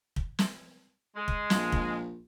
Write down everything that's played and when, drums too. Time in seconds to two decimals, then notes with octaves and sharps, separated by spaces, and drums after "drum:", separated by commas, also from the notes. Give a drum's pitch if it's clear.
0.16 drum: kick
0.39 drum: snare
1.15 G#3
1.28 drum: kick
1.50 A#1, drum: snare
1.72 drum: kick